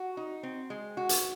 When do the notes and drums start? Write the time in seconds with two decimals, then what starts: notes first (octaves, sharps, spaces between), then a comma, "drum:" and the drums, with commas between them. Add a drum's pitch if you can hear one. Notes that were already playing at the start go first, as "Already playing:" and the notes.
Already playing: F#4
0.17 D#4
0.43 C4
0.70 G#3
0.97 F#4
1.09 drum: hi-hat